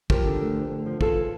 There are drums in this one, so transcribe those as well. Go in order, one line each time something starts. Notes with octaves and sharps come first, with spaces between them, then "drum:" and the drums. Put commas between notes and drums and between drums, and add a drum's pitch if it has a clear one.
F3 G4 A#4, drum: kick
D3
A3
D2
D3
F3
E3 F4 A4, drum: kick